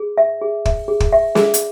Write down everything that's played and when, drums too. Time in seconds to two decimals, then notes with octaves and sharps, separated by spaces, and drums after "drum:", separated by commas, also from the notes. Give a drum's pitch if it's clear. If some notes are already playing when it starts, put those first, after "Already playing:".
Already playing: G#4
0.18 E5
0.42 G#4
0.65 E5, drum: kick
0.88 G#4
1.00 drum: kick
1.13 E5
1.35 G#4, drum: snare
1.54 drum: hi-hat